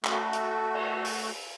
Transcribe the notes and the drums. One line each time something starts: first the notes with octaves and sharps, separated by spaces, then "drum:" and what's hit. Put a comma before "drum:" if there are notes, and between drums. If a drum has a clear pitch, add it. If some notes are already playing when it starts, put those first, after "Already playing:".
A3 F#4, drum: clap
drum: hi-hat
drum: cymbal
drum: open hi-hat